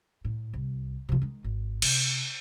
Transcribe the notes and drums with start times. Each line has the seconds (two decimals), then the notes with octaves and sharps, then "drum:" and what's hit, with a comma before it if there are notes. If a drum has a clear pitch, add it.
0.25 A2
0.53 C2
1.09 C3 F3
1.22 D#3 G#3
1.44 G#1
1.82 C3, drum: cymbal